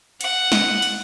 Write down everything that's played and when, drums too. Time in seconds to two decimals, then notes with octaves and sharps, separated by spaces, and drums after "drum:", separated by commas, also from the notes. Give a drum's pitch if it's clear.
0.21 F#5, drum: cymbal
0.52 drum: snare
0.82 drum: cymbal